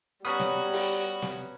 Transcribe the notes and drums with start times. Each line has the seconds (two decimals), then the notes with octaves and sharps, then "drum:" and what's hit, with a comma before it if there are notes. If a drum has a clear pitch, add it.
0.25 G3 B3 C#4 F#4 A#5 B5 D#6
0.39 drum: snare
0.73 drum: open hi-hat
1.22 drum: snare